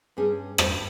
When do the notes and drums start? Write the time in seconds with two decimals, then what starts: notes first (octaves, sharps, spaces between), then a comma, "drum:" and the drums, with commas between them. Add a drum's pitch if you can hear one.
0.17 G2 G3 C#4 G#4
0.58 G2 G3 C#4 C5, drum: rim click